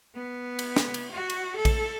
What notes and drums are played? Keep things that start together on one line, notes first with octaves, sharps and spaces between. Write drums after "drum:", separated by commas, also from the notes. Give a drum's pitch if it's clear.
B3
drum: cymbal
drum: snare
drum: cymbal
F#4
drum: cymbal
A4
drum: kick A#1, cymbal